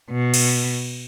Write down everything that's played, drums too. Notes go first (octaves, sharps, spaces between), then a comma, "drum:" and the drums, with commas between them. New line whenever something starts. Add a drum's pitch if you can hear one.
B2
drum: cymbal